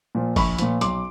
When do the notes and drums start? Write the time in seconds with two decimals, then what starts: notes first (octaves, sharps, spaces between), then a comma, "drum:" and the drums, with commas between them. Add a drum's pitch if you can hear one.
0.15 A#2 F3
0.36 A#1 B5 C#6, drum: kick G1, open hi-hat
0.58 A#2 F3, drum: hi-hat
0.81 B1 C6 D6, drum: hi-hat